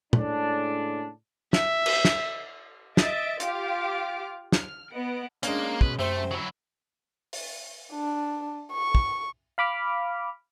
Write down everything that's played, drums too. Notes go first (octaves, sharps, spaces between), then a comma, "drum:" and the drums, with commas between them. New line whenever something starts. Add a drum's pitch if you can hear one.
A2 C#3 G#3 D4, drum: tom
E5, drum: snare
drum: cymbal
drum: snare
D#5 E5 A6 D7, drum: snare
F4 G4 F5 D6, drum: hi-hat
F6, drum: snare
B3 D#5 F#5 D7
G#3 A#3 C#4 D4, drum: hi-hat
B2 B4, drum: kick
F#2 C3 A3 C5
F#3 E4
drum: open hi-hat
D4
C#6
drum: kick
F5 B5 D6 F6